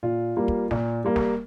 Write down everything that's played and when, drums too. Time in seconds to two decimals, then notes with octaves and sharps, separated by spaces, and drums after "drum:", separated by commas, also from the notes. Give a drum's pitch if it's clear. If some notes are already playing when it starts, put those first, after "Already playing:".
0.03 A#2 F4
0.37 G3 A#3
0.48 drum: kick
0.71 A#2, drum: snare
1.04 G3 A#3
1.16 drum: snare